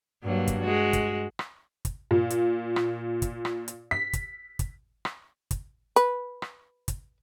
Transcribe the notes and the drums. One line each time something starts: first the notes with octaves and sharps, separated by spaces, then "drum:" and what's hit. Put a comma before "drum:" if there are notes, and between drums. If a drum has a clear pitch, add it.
G2 F#3 A#3
drum: kick, hi-hat
G#3 F#4
drum: kick, hi-hat
drum: rim click
drum: kick, hi-hat
A#2
drum: hi-hat
drum: rim click
drum: kick, hi-hat
drum: rim click
drum: hi-hat
B6
drum: kick, hi-hat
drum: kick, hi-hat
drum: rim click
drum: kick, hi-hat
B4, drum: hi-hat
drum: rim click
drum: kick, hi-hat